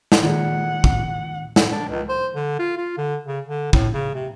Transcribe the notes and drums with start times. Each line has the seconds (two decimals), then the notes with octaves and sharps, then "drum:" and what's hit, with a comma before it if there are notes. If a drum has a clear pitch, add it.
0.12 drum: snare
0.23 A#2 D#3 G#3 F#5
0.84 drum: kick
1.56 drum: snare
1.71 D4
1.89 C#2
2.09 C5
2.35 D3
2.59 F4
2.77 F4
2.98 D3
3.27 C#3
3.47 D3
3.73 A2, drum: kick
3.93 C#3
4.14 C3